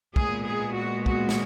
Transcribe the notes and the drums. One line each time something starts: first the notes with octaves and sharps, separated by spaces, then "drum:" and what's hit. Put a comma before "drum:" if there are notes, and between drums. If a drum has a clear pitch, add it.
A#2 G#3 B3 G#4, drum: kick
G#4
F#4
F#4, drum: kick
drum: snare